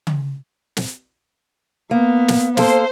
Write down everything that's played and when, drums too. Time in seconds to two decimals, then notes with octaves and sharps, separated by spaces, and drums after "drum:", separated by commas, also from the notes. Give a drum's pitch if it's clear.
0.07 drum: tom C#3
0.77 drum: snare
1.91 A#3 B3
2.28 drum: snare
2.57 A#3 A4 C5, drum: snare